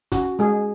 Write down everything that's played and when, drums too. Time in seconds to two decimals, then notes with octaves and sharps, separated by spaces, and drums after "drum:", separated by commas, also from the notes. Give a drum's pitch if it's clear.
0.12 C#4 F#4, drum: kick, hi-hat
0.39 G#3 G#4